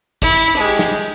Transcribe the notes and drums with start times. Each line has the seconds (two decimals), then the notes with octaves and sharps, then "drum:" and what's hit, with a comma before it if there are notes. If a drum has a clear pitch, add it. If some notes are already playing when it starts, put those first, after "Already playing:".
0.22 E4, drum: kick, hi-hat
0.41 drum: hi-hat
0.56 G#3 G4
0.79 drum: snare
0.98 drum: hi-hat